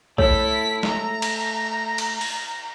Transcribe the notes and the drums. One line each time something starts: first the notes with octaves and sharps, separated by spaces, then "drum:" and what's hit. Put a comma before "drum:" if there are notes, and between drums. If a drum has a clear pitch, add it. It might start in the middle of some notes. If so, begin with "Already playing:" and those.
A3 E4 A4 C#5 B6, drum: kick A#1
A#5, drum: snare G#3
drum: cymbal
drum: cymbal
drum: open hi-hat